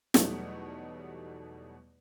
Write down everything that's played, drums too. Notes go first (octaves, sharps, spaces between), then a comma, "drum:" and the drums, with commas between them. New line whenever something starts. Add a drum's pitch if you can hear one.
E2 B2 F#3 G3 A3 D#4, drum: snare